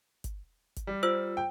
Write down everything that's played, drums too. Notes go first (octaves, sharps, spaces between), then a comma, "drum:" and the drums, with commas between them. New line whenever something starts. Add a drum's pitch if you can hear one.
drum: kick G1, hi-hat
drum: kick G1, hi-hat
G3
F4 C5 E6
G5